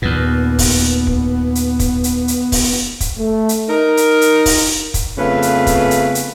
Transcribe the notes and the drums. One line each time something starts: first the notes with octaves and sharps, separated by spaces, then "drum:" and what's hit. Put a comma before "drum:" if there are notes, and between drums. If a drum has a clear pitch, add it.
D#2 A#2 B3
drum: kick, open hi-hat
drum: kick
drum: hi-hat
drum: kick, hi-hat
drum: hi-hat
drum: hi-hat
drum: kick, open hi-hat
drum: kick, hi-hat
A3
drum: hi-hat
D#4 A#4
drum: hi-hat
drum: hi-hat
drum: kick, open hi-hat
drum: kick, hi-hat
F2 C#3 A3 B3 B4 F5
drum: hi-hat
drum: kick, hi-hat
drum: hi-hat
drum: hi-hat